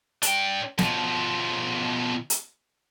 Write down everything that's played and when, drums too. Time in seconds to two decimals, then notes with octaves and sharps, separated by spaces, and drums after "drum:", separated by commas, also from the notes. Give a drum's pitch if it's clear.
0.22 D4 G5, drum: hi-hat
0.78 B2 F3, drum: snare
2.30 drum: hi-hat